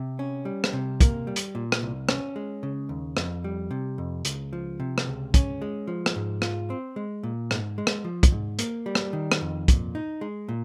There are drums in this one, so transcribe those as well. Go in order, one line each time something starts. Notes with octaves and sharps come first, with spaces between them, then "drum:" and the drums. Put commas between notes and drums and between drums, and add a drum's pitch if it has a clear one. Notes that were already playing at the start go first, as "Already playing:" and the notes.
Already playing: C3
C#4
G3
drum: rim click
C3
A#3, drum: kick, hi-hat
G3
drum: hi-hat
A#2
drum: rim click
C2
C#4, drum: rim click
G#3
C#3
D#2
F2, drum: rim click
G3
C3
F2
C#2, drum: hi-hat
F3
C3
drum: rim click
C#2
C#4, drum: kick, hi-hat
G#3
F3
drum: rim click
G#2
F4, drum: rim click
C4
G#3
A#2
G#2, drum: rim click
G#3
drum: rim click
F3
drum: kick, hi-hat
G#2
A#3, drum: hi-hat
G3
drum: rim click
D#3
drum: rim click
F2
A#2, drum: kick, hi-hat
D#4
G#3
A#2